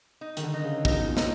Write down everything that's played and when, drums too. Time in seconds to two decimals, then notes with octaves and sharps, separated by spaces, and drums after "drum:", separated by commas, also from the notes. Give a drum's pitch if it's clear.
0.21 D#4
0.37 D#3, drum: hi-hat
0.43 D3
0.54 D#4
0.64 C#3
0.85 B2 D#4, drum: kick
1.07 A#2
1.17 D#4, drum: snare